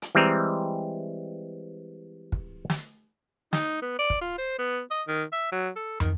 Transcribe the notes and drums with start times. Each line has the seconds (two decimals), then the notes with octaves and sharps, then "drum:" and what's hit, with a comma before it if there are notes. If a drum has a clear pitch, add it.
0.02 drum: hi-hat
0.15 E3 G3 G#3 C4 D#5 A#5
2.32 drum: kick
2.70 drum: snare
3.53 D#4, drum: snare
3.82 B3
3.99 D5
4.10 drum: kick
4.21 F4
4.38 C5
4.59 B3
4.91 D#5
5.08 D#3
5.33 E5
5.52 F#3
5.76 A4
6.00 D#3, drum: tom